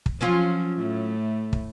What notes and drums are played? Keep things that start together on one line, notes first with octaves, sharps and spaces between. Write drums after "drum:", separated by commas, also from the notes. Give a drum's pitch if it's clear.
drum: kick
F3 F#3 C#4 F4
A2 A3
drum: kick